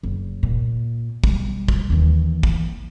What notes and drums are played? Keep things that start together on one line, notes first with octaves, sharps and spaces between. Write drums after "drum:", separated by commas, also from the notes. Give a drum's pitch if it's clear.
F#1
A#2
B1 G3, drum: kick
drum: kick
D#2 E3
drum: kick